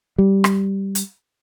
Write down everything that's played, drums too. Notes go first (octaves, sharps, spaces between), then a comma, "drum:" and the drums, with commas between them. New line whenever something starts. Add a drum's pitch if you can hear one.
G3
drum: rim click
drum: hi-hat